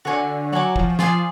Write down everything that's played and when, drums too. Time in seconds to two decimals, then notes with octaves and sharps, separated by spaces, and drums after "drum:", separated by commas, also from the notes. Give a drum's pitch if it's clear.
0.05 D3 F#4 C#5 G#5 D6
0.52 F#3 F#4 C#5 G#5 D6
0.76 F3, drum: kick
0.99 F3 F4 G#4 D5 G#5, drum: snare